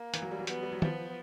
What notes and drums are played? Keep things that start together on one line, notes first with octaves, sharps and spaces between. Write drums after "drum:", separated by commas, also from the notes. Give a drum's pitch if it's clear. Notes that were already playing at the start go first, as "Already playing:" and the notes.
Already playing: A#3
E3, drum: hi-hat
F#3
G3
F#3
B3, drum: hi-hat
G3
F#3
F3 B3, drum: tom D#3